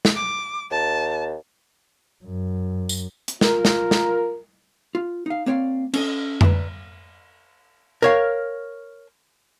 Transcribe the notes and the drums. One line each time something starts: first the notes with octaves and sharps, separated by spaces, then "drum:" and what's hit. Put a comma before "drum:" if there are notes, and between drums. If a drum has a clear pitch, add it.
drum: snare
D6
D#2 A5
F#2
drum: tambourine
drum: hi-hat
F4 A#4, drum: snare
drum: snare
drum: snare
F4
D#4 F5
A#3 C4 C#5 D5 F5
C#4 A4 D#5, drum: cymbal
B4 C5 D5 E5 A#5, drum: tom F2
A#4 C#5 F5